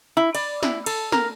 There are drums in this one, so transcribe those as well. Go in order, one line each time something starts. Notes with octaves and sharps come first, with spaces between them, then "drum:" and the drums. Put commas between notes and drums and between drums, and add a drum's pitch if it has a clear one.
E4
D5, drum: cymbal
E4, drum: snare
A4, drum: cymbal
A#4, drum: snare